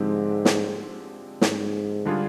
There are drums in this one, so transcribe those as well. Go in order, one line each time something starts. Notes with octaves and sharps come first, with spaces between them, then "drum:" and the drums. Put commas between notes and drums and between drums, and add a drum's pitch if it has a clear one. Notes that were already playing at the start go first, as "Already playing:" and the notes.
Already playing: G#2 D3 F3 G#3 C4 G4
drum: snare
G#2, drum: snare
D3 G3 D4 F4 G#4